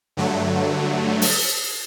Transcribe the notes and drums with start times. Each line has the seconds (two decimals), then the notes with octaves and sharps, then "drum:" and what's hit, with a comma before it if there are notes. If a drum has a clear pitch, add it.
0.17 G2 D3 F#3 A3
1.22 drum: open hi-hat